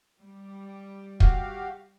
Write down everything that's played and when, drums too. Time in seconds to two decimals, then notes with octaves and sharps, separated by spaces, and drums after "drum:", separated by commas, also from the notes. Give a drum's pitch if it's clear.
0.21 G3
1.20 F#4 G4 F5, drum: kick